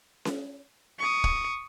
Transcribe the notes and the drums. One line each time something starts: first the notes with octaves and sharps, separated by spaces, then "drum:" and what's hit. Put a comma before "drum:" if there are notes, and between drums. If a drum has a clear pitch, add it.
drum: snare C#4
C#6 D#6
drum: kick